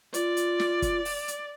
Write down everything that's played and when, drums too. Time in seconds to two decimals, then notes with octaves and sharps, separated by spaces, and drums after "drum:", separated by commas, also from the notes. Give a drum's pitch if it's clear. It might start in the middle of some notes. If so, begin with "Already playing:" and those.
0.14 F4 D5, drum: hi-hat
0.37 drum: hi-hat
0.59 drum: snare
0.82 drum: kick, hi-hat
1.05 drum: open hi-hat
1.28 drum: hi-hat